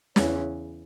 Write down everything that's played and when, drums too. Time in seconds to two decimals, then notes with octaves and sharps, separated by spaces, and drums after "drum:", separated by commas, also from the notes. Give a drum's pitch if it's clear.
0.16 E2 C#3 E3 C#4, drum: snare